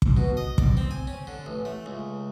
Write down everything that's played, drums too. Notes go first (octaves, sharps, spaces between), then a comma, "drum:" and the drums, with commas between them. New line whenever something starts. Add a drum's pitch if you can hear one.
drum: kick
B2
D#5
D5, drum: kick
C4
G#5
C#4
D3
A1
A3
C#2